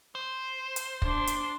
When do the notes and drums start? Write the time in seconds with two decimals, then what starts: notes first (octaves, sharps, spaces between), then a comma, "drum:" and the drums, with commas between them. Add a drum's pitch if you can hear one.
0.15 C5
0.76 drum: hi-hat
1.02 D4 C6, drum: kick
1.27 drum: hi-hat